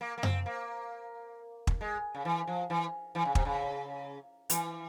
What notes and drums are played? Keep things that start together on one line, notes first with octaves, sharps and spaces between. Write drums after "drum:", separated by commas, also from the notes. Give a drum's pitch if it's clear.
A#3
A#3
C4, drum: tom F#2
A#3
drum: kick
G#3
C#3
E3
F3
E3
E3
C#3
C3, drum: kick
C#3
E3, drum: hi-hat